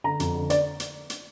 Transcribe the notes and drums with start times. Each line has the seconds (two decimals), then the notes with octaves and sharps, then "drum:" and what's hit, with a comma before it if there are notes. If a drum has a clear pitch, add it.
0.04 D3 A#5
0.20 F2, drum: hi-hat
0.35 D3
0.50 D5, drum: hi-hat
0.80 drum: hi-hat
1.10 drum: hi-hat